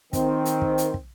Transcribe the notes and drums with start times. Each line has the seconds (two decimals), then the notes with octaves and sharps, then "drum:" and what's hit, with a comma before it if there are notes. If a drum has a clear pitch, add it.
0.13 D#3 C4, drum: kick, hi-hat
0.45 drum: hi-hat
0.62 drum: kick
0.78 drum: hi-hat
0.94 drum: kick